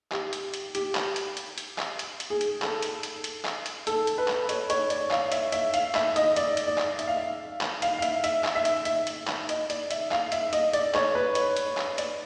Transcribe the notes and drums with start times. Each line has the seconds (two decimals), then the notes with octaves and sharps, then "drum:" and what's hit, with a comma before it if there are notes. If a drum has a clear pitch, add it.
0.12 G4, drum: clap
0.33 drum: hi-hat
0.54 drum: hi-hat
0.75 G4, drum: hi-hat
0.95 drum: clap
1.16 drum: hi-hat
1.37 drum: hi-hat
1.58 drum: hi-hat
1.78 drum: clap
1.99 drum: hi-hat
2.20 drum: hi-hat
2.30 G#4
2.41 drum: hi-hat
2.62 A4, drum: clap
2.82 drum: hi-hat
3.03 drum: hi-hat
3.24 drum: hi-hat
3.45 drum: clap
3.66 drum: hi-hat
3.87 A4, drum: hi-hat
4.07 drum: hi-hat
4.18 B4
4.28 drum: clap
4.49 C#5, drum: hi-hat
4.70 C#5, drum: hi-hat
4.90 D5, drum: hi-hat
5.11 F5, drum: clap
5.32 E5, drum: hi-hat
5.52 E5, drum: hi-hat
5.74 F5, drum: hi-hat
5.95 E5, drum: clap
6.16 D#5, drum: hi-hat
6.36 D5, drum: hi-hat
6.57 drum: hi-hat
6.67 D5
6.78 drum: clap
6.99 E5, drum: hi-hat
7.07 F5
7.17 E5
7.61 drum: clap
7.82 F5, drum: hi-hat
7.98 F5
8.02 E5, drum: hi-hat
8.24 E5, drum: hi-hat
8.44 drum: clap
8.55 E5
8.65 drum: hi-hat
8.85 E5, drum: hi-hat
9.07 drum: hi-hat
9.28 drum: clap
9.49 D#5, drum: hi-hat
9.70 D5, drum: hi-hat
9.91 E5, drum: hi-hat
10.11 F5, drum: clap
10.32 E5, drum: hi-hat
10.53 D#5, drum: hi-hat
10.73 D5, drum: hi-hat
10.95 C#5, drum: clap
11.15 B4
11.35 C#5, drum: hi-hat
11.57 drum: hi-hat
11.77 drum: clap
11.98 D5, drum: hi-hat